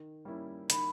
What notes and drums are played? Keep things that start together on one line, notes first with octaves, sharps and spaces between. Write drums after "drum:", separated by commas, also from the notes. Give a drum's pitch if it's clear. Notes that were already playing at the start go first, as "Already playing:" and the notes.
Already playing: D#3
G3 A#3 C#4 E4
D#3 B5, drum: hi-hat